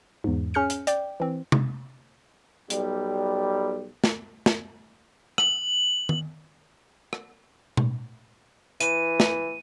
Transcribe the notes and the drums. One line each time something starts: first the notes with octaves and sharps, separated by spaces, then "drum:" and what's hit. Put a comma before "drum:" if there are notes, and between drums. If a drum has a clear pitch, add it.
E2 G#2
C#4 G#4 F6 G6 C#7
drum: hi-hat
D5 G5, drum: hi-hat
E3 C4
drum: tom C3
B1 G3, drum: hi-hat
drum: snare
drum: snare
F#7, drum: rim click
drum: tom D#3
drum: rim click
drum: tom B2
E3 D#7, drum: hi-hat
drum: snare